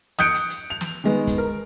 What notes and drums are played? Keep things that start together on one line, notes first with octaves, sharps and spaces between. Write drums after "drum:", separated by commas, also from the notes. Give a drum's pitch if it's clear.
D#6 F#6 G6 C#7 D7, drum: snare
drum: hi-hat
drum: hi-hat
F7
drum: snare
D#3 G#3 B3
drum: kick, hi-hat
A#4